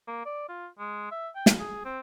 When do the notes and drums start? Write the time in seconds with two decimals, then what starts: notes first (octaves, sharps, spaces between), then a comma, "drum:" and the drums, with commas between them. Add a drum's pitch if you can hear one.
0.08 A#3
0.25 D5
0.48 F4
0.79 G#3
1.12 E5
1.35 G5
1.46 drum: snare
1.59 G#4
1.85 C4